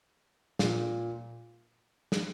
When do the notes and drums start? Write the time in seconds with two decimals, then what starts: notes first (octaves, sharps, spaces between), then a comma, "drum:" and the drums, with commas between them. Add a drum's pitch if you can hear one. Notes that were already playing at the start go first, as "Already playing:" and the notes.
0.59 A#2, drum: snare
2.12 drum: snare